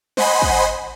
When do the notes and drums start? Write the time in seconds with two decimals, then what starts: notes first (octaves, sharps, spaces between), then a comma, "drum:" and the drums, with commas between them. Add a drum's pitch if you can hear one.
0.17 C5 D#5 F#5 G#5 B5 C6, drum: snare
0.42 drum: kick